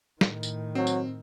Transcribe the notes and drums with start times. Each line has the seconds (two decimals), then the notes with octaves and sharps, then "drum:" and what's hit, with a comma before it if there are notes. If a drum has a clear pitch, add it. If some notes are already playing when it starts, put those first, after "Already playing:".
0.21 A2 D#3, drum: snare
0.43 drum: tambourine
0.75 F#3 C4
0.87 drum: tambourine